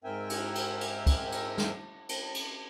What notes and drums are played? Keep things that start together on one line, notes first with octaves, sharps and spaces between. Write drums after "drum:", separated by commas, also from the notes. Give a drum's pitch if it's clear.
G#2 C4 A#4 E5 G5 G#5
drum: cymbal
drum: cymbal
drum: cymbal
drum: kick, cymbal
drum: cymbal
drum: snare
drum: cymbal
drum: cymbal